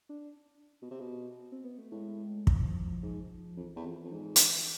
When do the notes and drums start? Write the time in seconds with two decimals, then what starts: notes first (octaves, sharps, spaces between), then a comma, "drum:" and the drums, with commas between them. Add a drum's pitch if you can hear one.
0.09 D4
0.82 B2
0.91 C3
1.00 B2
1.52 C4
1.64 B3
1.78 A3
1.92 A2 G#3
2.47 F3, drum: kick
3.03 G#2
3.57 F2 E3
3.76 E2
3.86 F2
4.04 F2
4.13 G#2
4.36 drum: hi-hat